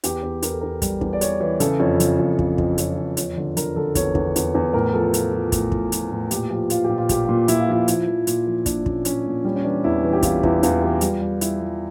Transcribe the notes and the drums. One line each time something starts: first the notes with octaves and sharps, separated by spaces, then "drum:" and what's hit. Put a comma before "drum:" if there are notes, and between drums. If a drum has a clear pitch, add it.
E2 G4, drum: hi-hat
E2
E2 A#4, drum: hi-hat
A4
E2 A#4
G3, drum: kick, hi-hat
E2, drum: kick
D5
E3 C#5, drum: hi-hat
E3 C#5
C#3 A4, drum: hi-hat
F2 C#5
C#3, drum: hi-hat
F2
F2, drum: kick
F2, drum: kick
F2 C#5, drum: hi-hat
F2
E2 C#5, drum: hi-hat
D3
D3 A#4, drum: hi-hat
D3 A4
E2 C#5, drum: kick, hi-hat
E2, drum: kick
E2, drum: hi-hat
E2
A2 A#4
F3 A4
F3, drum: hi-hat
F3
A2, drum: kick, hi-hat
A2, drum: kick
F3, drum: hi-hat
A2
A#2 G4, drum: hi-hat
F3 G4
F3 F4, drum: hi-hat
A#2 G4
F4
A#2 G4, drum: kick, hi-hat
A#2 F4
A#2 E4, drum: hi-hat
F4
F3 E4
F3 E4, drum: hi-hat
F3
A#2, drum: hi-hat
F3
A#2 D4, drum: kick, hi-hat
A#2 C#4, drum: kick
A#2 C#4, drum: hi-hat
A#2
G3 C#4
C#4
E3 D4
E2 E4
E3
G4
E2 F4, drum: kick, hi-hat
E2 E4, drum: kick
E2 F4, drum: hi-hat
E3 G4
G3 F4, drum: hi-hat
G3
G3 E4, drum: hi-hat
G3 F4